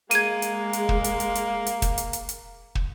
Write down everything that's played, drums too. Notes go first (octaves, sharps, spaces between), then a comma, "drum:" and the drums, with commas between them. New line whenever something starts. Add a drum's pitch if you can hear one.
G#3 A#3 G#6 D#7, drum: hi-hat
drum: hi-hat
drum: hi-hat
drum: kick
drum: hi-hat
drum: hi-hat
drum: hi-hat
drum: hi-hat
drum: kick, hi-hat
drum: hi-hat
drum: hi-hat
drum: hi-hat
drum: kick